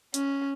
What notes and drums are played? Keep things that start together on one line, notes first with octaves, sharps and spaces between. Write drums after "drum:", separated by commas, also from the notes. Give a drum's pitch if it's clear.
C#4, drum: hi-hat